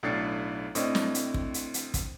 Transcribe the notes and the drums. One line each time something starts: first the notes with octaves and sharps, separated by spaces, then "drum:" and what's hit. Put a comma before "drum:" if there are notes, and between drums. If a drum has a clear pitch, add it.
B1 A2 D4 A6 C7 C#7
A2 C4 D4 D#5, drum: hi-hat
drum: snare
drum: hi-hat
drum: kick
drum: hi-hat
drum: hi-hat
drum: kick, hi-hat